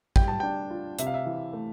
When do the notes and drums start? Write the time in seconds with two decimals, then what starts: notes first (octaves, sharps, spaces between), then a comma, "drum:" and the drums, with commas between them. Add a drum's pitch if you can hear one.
0.16 G3 G5, drum: kick A1
0.28 A5
0.40 D4 G5
0.71 F4
0.99 C3 E5, drum: hi-hat
1.07 F5
1.14 E5
1.26 E3
1.53 A3